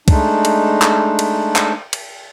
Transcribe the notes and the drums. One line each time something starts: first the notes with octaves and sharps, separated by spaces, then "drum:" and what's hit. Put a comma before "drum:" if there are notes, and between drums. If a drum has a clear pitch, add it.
G#3 A3 D4 D#4, drum: kick, cymbal
drum: cymbal
drum: clap
drum: cymbal
drum: clap
drum: cymbal